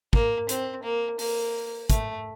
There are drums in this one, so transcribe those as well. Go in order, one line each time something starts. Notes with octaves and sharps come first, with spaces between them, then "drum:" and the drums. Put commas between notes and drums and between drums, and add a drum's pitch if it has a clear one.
A#3, drum: kick
C4, drum: hi-hat
A#3
A#3, drum: open hi-hat
A3, drum: kick, hi-hat